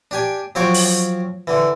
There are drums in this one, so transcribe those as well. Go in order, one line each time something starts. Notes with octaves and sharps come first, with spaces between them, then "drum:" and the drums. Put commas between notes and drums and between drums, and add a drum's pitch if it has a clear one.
D4 G4 G#5
F3 F#3 C4 C#5 D6
drum: open hi-hat
D3 E3